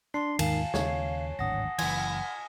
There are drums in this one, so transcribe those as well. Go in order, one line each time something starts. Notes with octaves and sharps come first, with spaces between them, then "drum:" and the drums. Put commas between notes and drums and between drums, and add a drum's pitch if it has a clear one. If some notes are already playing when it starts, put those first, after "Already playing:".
D4 C6 C7
D#2 G#2 D#3 F5 G#5 A5 E7, drum: cymbal
D#2 C#3 C#5, drum: snare
D1 G#1 D4 F#5 D#6 A#6
F#1 E3 G#5 G#6, drum: cymbal